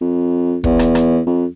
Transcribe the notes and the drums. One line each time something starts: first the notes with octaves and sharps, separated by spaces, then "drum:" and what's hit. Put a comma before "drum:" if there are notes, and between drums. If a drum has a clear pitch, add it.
F2
E2, drum: kick
drum: rim click
drum: rim click
F2